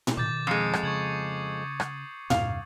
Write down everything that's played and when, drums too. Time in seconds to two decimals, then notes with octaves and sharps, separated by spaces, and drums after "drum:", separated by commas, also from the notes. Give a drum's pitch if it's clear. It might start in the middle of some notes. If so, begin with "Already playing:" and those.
0.07 drum: tom A2
0.17 B2 D#3 D6 G6 A6
0.47 F2 G#3 D#6 C7 C#7
0.73 drum: rim click
0.83 C#3 C#6 G#6 F#7
1.80 drum: rim click
2.30 E2 G2 C3 F5, drum: tom A2